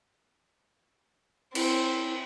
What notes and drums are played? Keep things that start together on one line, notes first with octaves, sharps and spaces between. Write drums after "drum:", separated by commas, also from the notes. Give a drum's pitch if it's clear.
C4 E4, drum: cymbal